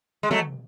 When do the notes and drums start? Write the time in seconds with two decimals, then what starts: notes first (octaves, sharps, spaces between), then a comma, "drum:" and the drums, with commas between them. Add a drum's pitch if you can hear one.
0.23 G#3
0.31 F#3 A3, drum: tom